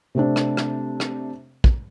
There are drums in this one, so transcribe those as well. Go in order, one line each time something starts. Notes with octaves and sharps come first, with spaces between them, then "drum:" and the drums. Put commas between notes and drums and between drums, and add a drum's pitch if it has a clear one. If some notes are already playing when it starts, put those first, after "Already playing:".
C3 A3 C4 D4
drum: rim click
drum: rim click
drum: rim click
drum: kick